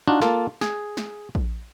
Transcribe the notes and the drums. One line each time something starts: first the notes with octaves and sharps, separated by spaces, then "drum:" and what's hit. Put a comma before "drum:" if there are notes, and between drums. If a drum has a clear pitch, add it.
D4 D#4 F4 F#4
A#3 F4 A4, drum: snare
G#4, drum: snare
drum: snare
drum: kick A#1